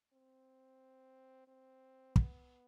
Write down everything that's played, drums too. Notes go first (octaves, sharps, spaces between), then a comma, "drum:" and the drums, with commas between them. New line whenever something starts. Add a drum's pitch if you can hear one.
C4
C4
B3, drum: kick